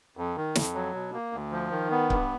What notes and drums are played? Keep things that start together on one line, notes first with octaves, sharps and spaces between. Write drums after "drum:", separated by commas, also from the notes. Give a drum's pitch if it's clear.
F2
D#3
F2, drum: snare
F#3
B2
A#3
D2
F3
D#3
B3
G2, drum: kick C#1